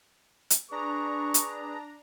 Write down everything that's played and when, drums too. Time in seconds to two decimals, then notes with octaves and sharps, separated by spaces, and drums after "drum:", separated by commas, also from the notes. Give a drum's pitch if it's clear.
0.50 drum: hi-hat
0.71 D4 G#4 B4 A#5 C#6
1.34 drum: hi-hat